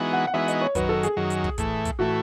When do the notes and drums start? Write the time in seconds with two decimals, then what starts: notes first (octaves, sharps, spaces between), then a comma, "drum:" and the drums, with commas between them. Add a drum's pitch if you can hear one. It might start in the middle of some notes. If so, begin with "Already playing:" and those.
Already playing: E3 G#3 B3 D#4 F#4
0.13 F#5
0.27 F#5
0.34 E3 G#3 B3 D#4 F#4 E5
0.48 D#5, drum: hi-hat
0.61 C#5
0.75 F#2 D#3 F#3 B4, drum: kick, hi-hat
0.89 A4
1.03 G#4, drum: hi-hat
1.17 F#2 D#3 F#3
1.30 drum: hi-hat
1.44 drum: kick
1.58 A2 E3 A3, drum: kick, hi-hat
1.85 drum: kick, hi-hat
1.99 A2 E3 A3 F#4